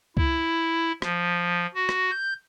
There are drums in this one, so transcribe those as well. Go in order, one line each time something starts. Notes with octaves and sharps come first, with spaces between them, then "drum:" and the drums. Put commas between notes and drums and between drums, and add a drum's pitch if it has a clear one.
E4, drum: kick C#2
F3, drum: rim click
F#4
drum: rim click
G6